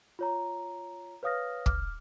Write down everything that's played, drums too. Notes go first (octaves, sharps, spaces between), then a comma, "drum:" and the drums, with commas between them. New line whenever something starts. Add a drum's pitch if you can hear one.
F4 C#5 A#5
B4 C#5 F5 D#6 F6 A#6
D6 F6, drum: kick